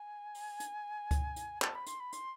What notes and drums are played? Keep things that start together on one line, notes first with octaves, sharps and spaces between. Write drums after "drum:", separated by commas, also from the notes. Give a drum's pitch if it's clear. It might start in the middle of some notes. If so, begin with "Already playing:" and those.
Already playing: G#5
drum: open hi-hat
drum: hi-hat
drum: kick C#2, hi-hat
drum: hi-hat
A5, drum: clap
B5
C6, drum: hi-hat
B5
C6, drum: hi-hat